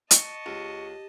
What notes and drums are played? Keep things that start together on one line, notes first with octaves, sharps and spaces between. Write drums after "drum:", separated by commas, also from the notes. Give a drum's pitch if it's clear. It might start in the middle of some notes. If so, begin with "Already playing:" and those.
D#5 A5 C#6, drum: hi-hat
C#2 G4